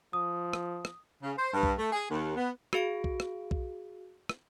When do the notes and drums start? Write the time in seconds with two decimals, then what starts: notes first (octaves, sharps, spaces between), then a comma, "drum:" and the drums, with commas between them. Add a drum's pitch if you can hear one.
0.13 F3 D#6
0.53 drum: rim click
0.85 drum: rim click
1.23 C#3
1.37 C5
1.54 G2
1.63 drum: kick B1
1.78 A3
1.93 G#4
2.10 D#2
2.37 B3
2.73 F#4 G#4 F5 D7, drum: rim click
3.04 drum: kick B1
3.20 drum: rim click
3.51 drum: kick B1
4.29 drum: rim click